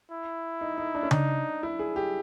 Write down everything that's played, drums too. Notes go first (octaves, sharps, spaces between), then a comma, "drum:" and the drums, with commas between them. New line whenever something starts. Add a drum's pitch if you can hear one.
E4
D#4
D#4
D4
C#4
D4 D#4, drum: tom C#3
E4
G#4
G4